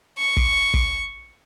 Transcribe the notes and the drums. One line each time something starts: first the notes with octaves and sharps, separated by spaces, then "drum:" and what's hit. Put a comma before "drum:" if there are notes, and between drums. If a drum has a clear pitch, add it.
C#6
drum: kick
drum: kick